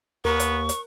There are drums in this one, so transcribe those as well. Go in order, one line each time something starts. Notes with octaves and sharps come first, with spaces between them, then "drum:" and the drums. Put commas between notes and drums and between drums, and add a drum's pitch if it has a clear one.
D#2 B3 A#4 C#6
drum: hi-hat
drum: hi-hat